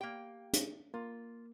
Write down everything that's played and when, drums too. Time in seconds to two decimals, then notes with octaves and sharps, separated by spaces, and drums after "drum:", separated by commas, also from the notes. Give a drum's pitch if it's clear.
0.01 A#3 G4 G5
0.53 drum: hi-hat
0.94 A#3 F4